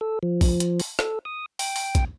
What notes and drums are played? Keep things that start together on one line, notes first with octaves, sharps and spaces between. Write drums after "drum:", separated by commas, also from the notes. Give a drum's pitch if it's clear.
A4
F3
drum: kick, open hi-hat
drum: hi-hat
drum: open hi-hat
A4, drum: rim click
D#6
G5, drum: open hi-hat
drum: open hi-hat
drum: kick, hi-hat